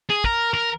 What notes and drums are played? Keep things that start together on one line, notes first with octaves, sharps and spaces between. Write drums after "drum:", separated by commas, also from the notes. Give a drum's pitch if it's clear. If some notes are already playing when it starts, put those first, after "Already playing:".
G#4
A#4, drum: kick
A#4